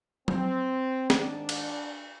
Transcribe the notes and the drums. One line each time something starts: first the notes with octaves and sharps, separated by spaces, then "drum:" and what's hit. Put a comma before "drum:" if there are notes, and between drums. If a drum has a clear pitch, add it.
C4, drum: tom F#3
G#2 D#3 D4, drum: snare
drum: cymbal